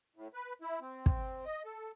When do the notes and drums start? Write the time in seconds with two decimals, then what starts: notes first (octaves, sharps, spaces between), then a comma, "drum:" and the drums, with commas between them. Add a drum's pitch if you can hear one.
0.16 A2
0.34 B4
0.62 E4
0.81 C4
1.06 drum: kick
1.45 D#5
1.65 A4